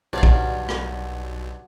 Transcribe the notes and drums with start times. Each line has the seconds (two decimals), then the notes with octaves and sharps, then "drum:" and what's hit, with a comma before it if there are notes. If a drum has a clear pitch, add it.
0.13 B1 G2 F#3 D5 F5
0.23 drum: kick
0.69 drum: rim click